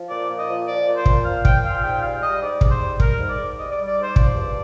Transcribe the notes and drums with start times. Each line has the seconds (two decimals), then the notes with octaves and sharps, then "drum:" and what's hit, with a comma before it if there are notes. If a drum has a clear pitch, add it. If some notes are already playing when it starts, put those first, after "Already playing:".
Already playing: F3
0.09 A#2 D5
0.29 A#2
0.38 D#5
0.47 F3
0.67 F3 D5
0.87 A#2
0.96 C5
1.06 A#2, drum: kick
1.25 F3 F5
1.45 F3 G5, drum: kick
1.64 A#2 F5
1.83 G#2 G5
2.03 G3 F5
2.23 G3 D#5
2.41 G#2 D5
2.61 G#2, drum: kick
2.71 C5
2.80 G3
3.00 G3 A#4, drum: kick
3.20 G#2
3.29 D5
3.39 G#2
3.58 G3 D#5
3.72 D5
3.77 G3
3.87 D5
3.97 G#2 C5
4.16 F3 D5, drum: kick
4.35 G2